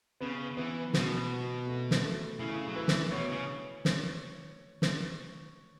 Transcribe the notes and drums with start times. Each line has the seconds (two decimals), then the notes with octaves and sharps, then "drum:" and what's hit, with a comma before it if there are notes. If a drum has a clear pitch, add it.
0.21 C#3 B3
0.57 E3 B3
0.93 B2 F#4, drum: snare
1.30 F#4
1.67 A3
1.91 drum: snare
2.03 A3
2.39 C#3 E4
2.68 F#3
2.76 E3 B4
2.88 drum: snare
3.11 B2 C#5
3.31 C#3
3.85 drum: snare
4.82 drum: snare